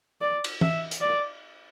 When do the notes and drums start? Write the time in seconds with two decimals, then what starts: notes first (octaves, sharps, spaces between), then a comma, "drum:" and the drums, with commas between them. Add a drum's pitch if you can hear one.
0.21 D5
0.44 drum: cymbal
0.61 E5, drum: tom E3
0.91 drum: hi-hat
1.01 D5